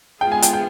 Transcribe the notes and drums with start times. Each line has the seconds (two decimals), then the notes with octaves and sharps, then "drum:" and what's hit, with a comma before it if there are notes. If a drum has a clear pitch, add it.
0.21 G#3 B3 F4 G#4 G5
0.32 G#5
0.42 G5, drum: hi-hat
0.53 G5